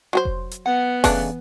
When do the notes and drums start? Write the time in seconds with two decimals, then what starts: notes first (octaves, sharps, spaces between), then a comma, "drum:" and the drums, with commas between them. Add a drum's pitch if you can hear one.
0.13 F#3 F#4 C5
0.25 drum: kick F1
0.51 drum: hi-hat
0.66 B3 F#5
1.04 C#3 E3 A3 D4, drum: kick F1, open hi-hat